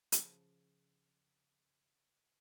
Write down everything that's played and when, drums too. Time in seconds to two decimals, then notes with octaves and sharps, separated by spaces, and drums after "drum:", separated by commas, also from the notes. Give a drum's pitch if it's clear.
0.12 C#3 F3, drum: hi-hat